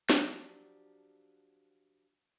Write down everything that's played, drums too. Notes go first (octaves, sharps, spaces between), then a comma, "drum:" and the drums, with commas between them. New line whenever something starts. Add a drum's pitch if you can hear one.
F3 F#3 D4 G4, drum: snare